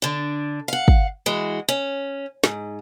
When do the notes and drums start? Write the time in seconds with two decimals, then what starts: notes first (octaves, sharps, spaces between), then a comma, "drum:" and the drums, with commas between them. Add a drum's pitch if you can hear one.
0.02 D3 D4
0.68 F5 F#5
0.88 drum: kick
1.26 E3 G#3 F#4
1.68 C#4
2.44 G#2, drum: snare